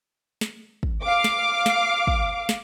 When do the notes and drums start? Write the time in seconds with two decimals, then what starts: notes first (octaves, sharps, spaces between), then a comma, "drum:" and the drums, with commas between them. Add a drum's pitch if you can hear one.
0.41 drum: snare
0.83 drum: kick
1.04 F5 D6
1.24 drum: snare
1.66 drum: snare
2.07 drum: kick
2.49 drum: snare